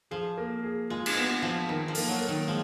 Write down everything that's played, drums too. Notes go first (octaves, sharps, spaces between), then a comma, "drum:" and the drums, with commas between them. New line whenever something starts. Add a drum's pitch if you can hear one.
F3 G#4
A#3
G#4
G#3 F4
drum: cymbal
B3
F3 F4
D#3 A#4
F3
A#3, drum: open hi-hat
F#3
A#3
D#3
F3 G#3